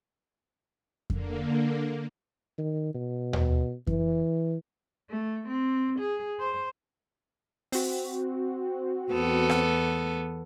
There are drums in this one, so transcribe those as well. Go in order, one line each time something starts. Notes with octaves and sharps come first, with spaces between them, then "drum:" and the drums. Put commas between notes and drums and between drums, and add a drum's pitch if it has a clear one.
D3 A#3, drum: kick F2
D#3
B2
drum: tom D#2
E3, drum: kick F2
A3
C4
G#4
C5
C4 F#4, drum: open hi-hat
E2 B3 A4
drum: rim click